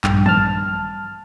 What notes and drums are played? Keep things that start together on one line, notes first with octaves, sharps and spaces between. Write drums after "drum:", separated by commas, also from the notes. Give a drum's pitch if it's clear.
A#1 G2 G5, drum: clap
A5 F6, drum: tom